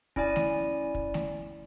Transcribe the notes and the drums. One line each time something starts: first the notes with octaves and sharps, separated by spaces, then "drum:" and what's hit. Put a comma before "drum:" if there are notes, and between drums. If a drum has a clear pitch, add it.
C#4 E4 D5 G#5, drum: kick
drum: snare A3
drum: kick
drum: snare A3